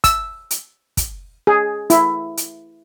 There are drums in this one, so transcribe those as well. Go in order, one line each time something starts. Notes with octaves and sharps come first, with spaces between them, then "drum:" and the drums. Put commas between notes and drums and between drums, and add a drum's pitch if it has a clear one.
E6, drum: kick, hi-hat
drum: hi-hat
drum: kick, hi-hat
G#4
E4, drum: hi-hat
drum: hi-hat